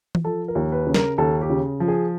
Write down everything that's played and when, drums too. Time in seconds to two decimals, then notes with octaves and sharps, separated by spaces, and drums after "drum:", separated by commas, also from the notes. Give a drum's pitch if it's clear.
0.15 drum: tom E3
0.24 F3 A4
0.48 A#4
0.55 D#2
0.72 B4
0.87 C#3
0.94 A#4, drum: snare
1.18 D#2 A4
1.41 G4
1.50 C#3
1.80 F3
1.88 G#4